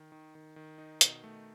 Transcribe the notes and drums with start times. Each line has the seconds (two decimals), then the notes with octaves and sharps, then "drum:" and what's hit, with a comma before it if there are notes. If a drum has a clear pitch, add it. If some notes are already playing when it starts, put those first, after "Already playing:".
Already playing: D#3
0.12 D#3
0.35 D#3
0.56 D#3
0.78 D#4
1.01 B2, drum: hi-hat
1.24 A3